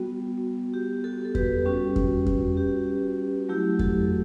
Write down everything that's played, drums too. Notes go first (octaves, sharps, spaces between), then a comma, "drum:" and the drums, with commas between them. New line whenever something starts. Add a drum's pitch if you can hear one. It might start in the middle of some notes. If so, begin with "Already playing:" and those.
Already playing: G3 B3 F#4
G4
F#4 A4
A4
G4 B4, drum: kick F2
G3 C#4 F#4
drum: kick F2
drum: kick F2
G4
F#3 A3 E4 G4
F#4 A4, drum: kick F2